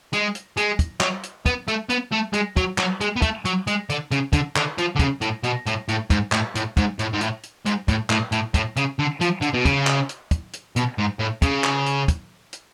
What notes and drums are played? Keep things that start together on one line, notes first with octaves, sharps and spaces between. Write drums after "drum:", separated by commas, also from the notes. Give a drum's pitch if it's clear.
G#3, drum: hi-hat
drum: hi-hat
G#3, drum: hi-hat
drum: kick, hi-hat
F#3, drum: clap
drum: hi-hat
B3, drum: kick, hi-hat
A3, drum: hi-hat
B3, drum: hi-hat
A3
G#3, drum: hi-hat
F#3, drum: kick, hi-hat
F#3, drum: clap
G#3, drum: hi-hat
B3
A3, drum: kick, hi-hat
F#3, drum: hi-hat
G#3, drum: hi-hat
D3, drum: hi-hat
C#3, drum: hi-hat
D3, drum: kick, hi-hat
D3, drum: clap
F3, drum: hi-hat
D3
C#3, drum: kick, hi-hat
A2, drum: hi-hat
B2, drum: hi-hat
A2, drum: hi-hat
A2, drum: hi-hat
G#2, drum: kick, hi-hat
A2, drum: clap
A2, drum: hi-hat
G#2, drum: kick, hi-hat
A2, drum: hi-hat
G#2
A2, drum: hi-hat
drum: hi-hat
G#2, drum: hi-hat
A2, drum: kick, hi-hat
A2, drum: clap
A2, drum: hi-hat
A2, drum: kick, hi-hat
C#3, drum: hi-hat
D3
F3, drum: hi-hat
D3, drum: hi-hat
B2
C#3, drum: kick, hi-hat
drum: clap
drum: hi-hat
drum: kick, hi-hat
drum: hi-hat
B2, drum: hi-hat
G#2
A2
C#3, drum: kick, hi-hat
drum: clap
drum: hi-hat
drum: kick, hi-hat
drum: hi-hat